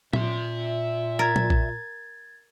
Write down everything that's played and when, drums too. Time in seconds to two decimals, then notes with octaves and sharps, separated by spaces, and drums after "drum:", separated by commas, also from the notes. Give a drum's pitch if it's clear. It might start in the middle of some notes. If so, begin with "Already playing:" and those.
0.13 A#2 E5 C6, drum: tom A#2
1.19 A#4 G#6 A6
1.36 drum: tom A#2
1.50 drum: kick